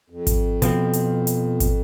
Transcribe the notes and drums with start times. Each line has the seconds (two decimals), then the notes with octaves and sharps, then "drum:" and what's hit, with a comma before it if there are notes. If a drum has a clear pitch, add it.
0.10 F2
0.27 drum: kick G#1, hi-hat
0.62 B2 F3 C4, drum: hi-hat
0.93 drum: hi-hat
1.27 drum: hi-hat
1.60 drum: kick G#1, hi-hat